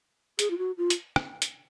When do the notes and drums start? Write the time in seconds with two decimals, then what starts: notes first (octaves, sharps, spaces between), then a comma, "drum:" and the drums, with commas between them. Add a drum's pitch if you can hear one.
0.39 G#4, drum: hi-hat
0.50 F4
0.58 F#4
0.78 F4
0.90 drum: hi-hat
1.16 drum: rim click
1.42 drum: hi-hat